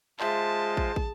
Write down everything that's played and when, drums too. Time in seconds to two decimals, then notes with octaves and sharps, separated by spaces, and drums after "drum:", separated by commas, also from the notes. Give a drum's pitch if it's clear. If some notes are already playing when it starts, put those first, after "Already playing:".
0.20 G#3 F4 G#4 C5 E5 A5, drum: clap
0.77 drum: kick
0.96 drum: kick